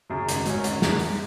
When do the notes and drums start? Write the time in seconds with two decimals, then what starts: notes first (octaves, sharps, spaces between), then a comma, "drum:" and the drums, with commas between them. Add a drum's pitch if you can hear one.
0.10 F#2 C#3 F#3
0.29 G#1, drum: hi-hat
0.46 G#2 F#3 C#4, drum: hi-hat
0.64 G#1, drum: hi-hat
0.82 F#2 F3, drum: snare
0.99 F#2, drum: open hi-hat